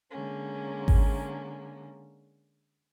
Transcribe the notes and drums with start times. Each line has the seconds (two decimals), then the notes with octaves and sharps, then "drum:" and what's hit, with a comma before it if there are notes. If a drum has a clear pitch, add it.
0.11 D3 G#3 A#3 C#4
0.88 drum: kick G#1